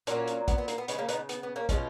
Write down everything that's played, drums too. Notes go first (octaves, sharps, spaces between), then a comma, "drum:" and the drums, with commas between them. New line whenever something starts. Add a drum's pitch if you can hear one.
A#2 F#3 A#3 C#4, drum: hi-hat
drum: hi-hat
B3, drum: kick, hi-hat
B3
A#3, drum: hi-hat
B3
C#3 G#3 B3, drum: hi-hat
A#3 C#4
B3 D#4, drum: hi-hat
B3, drum: hi-hat
B3
A#3 C#4
B2 G#3 C#4 F4, drum: kick, hi-hat